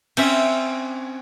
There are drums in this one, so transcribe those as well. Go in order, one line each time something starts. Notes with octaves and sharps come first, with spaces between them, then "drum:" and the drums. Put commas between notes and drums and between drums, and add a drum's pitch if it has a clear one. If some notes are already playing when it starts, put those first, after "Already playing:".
C4 C#4 E5, drum: cymbal